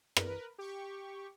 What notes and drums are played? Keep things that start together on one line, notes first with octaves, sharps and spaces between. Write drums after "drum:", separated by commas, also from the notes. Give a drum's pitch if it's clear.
A#4 B4, drum: rim click
G4 C#6